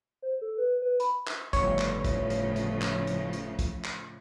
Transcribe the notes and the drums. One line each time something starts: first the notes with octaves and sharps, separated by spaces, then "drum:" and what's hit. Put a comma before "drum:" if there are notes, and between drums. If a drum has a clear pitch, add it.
C5
A4
B4
B4
B5, drum: hi-hat
drum: clap
G1 A2 C#3 F3 C#5, drum: kick, hi-hat
drum: clap
drum: kick, hi-hat
drum: hi-hat
drum: hi-hat
drum: clap
drum: hi-hat
drum: hi-hat
drum: kick, hi-hat
drum: clap